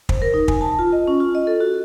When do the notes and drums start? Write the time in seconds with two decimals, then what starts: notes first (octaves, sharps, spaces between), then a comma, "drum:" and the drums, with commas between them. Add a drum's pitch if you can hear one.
0.09 C5, drum: kick
0.22 A#4
0.34 D#4
0.48 G#5, drum: kick
0.61 A5
0.79 F4
0.93 D#5
1.08 C#4
1.20 F4
1.35 D#5
1.47 A4
1.61 F#4